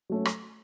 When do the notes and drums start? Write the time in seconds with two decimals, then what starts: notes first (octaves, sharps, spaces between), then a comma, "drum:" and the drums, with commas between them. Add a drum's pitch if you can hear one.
0.10 F#3 A3 C#4
0.25 drum: rim click